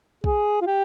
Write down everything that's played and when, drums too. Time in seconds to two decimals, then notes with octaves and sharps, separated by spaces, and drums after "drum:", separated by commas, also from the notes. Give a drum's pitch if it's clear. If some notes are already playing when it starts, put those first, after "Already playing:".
0.24 G#4, drum: kick
0.61 F4
0.67 G4